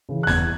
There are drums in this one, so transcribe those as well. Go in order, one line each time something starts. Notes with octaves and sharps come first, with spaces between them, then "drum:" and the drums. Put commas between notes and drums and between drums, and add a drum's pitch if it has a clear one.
C#3 E3
F#6
E2 G#6, drum: snare